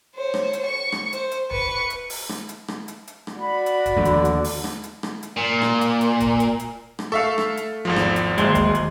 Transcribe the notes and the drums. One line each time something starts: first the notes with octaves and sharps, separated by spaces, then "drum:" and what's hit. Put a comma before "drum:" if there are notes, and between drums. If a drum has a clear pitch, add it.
C5 C#5
drum: rim click
drum: hi-hat
C#6
drum: rim click
C5, drum: hi-hat
drum: hi-hat
B4 C#6, drum: kick
drum: hi-hat
drum: open hi-hat
drum: rim click
drum: hi-hat
drum: rim click
drum: hi-hat
drum: hi-hat
drum: rim click
F#4 D5 B5
drum: hi-hat
drum: kick, hi-hat
D#2 D3 F3 A3
drum: hi-hat
drum: hi-hat
drum: open hi-hat
drum: rim click
drum: hi-hat
drum: rim click
drum: hi-hat
A#2
drum: rim click
drum: hi-hat
drum: hi-hat
drum: kick, hi-hat
drum: hi-hat
drum: hi-hat
drum: rim click
A3 A4 E5 F5 C#6
drum: rim click
drum: hi-hat
G#1 E2 F3
drum: rim click
drum: hi-hat
D1 D#2 G#3 C5, drum: hi-hat
drum: kick, hi-hat
drum: hi-hat